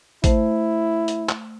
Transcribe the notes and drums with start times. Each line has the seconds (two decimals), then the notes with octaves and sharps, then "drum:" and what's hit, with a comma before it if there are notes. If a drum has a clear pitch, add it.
0.24 A3 E4 C5, drum: kick, hi-hat
1.08 drum: hi-hat
1.29 drum: clap